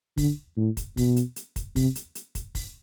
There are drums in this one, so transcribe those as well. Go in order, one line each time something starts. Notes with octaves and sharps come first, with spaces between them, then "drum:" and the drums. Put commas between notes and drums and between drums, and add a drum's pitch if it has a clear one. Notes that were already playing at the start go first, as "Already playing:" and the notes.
D3, drum: kick, open hi-hat
A2
drum: kick, hi-hat
B2, drum: kick, open hi-hat
drum: hi-hat
drum: hi-hat
drum: kick, hi-hat
C3, drum: kick, open hi-hat
drum: hi-hat
drum: hi-hat
drum: kick, hi-hat
drum: kick, open hi-hat